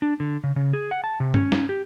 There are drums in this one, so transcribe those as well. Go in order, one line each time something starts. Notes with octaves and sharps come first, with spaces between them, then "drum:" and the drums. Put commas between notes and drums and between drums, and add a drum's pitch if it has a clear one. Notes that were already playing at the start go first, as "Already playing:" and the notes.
D4
D3
C#3
C#3
G#4
F#5
A5
C3
C#4, drum: tom G2
drum: snare
G4